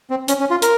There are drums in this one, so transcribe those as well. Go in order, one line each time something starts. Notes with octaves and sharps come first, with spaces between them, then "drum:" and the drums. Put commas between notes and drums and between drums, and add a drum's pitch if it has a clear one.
C4
C#4, drum: hi-hat
C#4
F4
A#4, drum: hi-hat